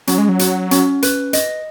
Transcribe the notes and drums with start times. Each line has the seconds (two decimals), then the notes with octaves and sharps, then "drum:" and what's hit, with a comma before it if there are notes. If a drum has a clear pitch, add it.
0.07 F#3 C#4, drum: hi-hat
0.18 G#3
0.29 F#3
0.39 F#4, drum: hi-hat
0.71 C#4, drum: hi-hat
1.02 B4, drum: hi-hat
1.33 D#5, drum: hi-hat